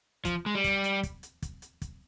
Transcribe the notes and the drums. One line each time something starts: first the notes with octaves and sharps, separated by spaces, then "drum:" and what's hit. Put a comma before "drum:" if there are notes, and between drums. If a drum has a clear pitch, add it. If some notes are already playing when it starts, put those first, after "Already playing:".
F3, drum: kick, hi-hat
G#3
G3
drum: kick, hi-hat
drum: hi-hat
drum: kick, hi-hat
drum: hi-hat
drum: kick, hi-hat
drum: hi-hat
drum: kick, hi-hat